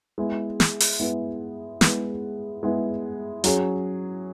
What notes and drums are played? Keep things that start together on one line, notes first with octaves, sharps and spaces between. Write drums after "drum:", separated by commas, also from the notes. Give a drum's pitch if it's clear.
G#3 B3 E4
drum: snare
drum: open hi-hat
G#3 B3 E4
G#3 B3 E4, drum: snare
G#3 B3 E4
F#3 C#4 G#4, drum: hi-hat